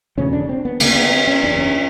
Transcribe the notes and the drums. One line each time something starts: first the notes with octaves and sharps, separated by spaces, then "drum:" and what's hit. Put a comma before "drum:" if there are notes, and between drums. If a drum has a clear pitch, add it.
E1 D2 C#3 C#4
D4
C4
B3
D2 C#3 A#3, drum: cymbal
B3
C4
C#4
F#1 E2 C#3 D4
C#4